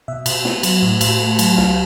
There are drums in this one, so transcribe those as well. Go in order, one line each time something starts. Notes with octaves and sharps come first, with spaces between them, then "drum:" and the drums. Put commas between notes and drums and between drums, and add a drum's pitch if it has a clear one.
B2 E5
B2, drum: cymbal
B3, drum: snare
F#3, drum: cymbal
A2
A2, drum: cymbal
A3
F#3, drum: cymbal
C#2 F5, drum: snare